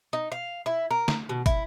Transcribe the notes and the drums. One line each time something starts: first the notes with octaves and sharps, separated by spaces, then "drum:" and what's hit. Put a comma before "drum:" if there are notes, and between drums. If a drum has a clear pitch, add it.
D#4
F5
E4
A#4
drum: snare
B2
E4, drum: kick, hi-hat